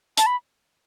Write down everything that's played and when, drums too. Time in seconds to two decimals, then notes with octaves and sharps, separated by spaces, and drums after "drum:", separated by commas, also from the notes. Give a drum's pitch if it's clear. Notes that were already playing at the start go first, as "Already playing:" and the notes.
0.17 A5, drum: hi-hat
0.26 B5